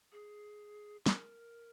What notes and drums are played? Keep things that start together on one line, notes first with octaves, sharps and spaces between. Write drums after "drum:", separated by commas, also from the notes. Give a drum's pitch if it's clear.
G#4
A#4, drum: snare